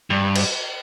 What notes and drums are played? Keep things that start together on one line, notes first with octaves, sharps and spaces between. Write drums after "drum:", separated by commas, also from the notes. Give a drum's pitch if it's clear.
G2
drum: cymbal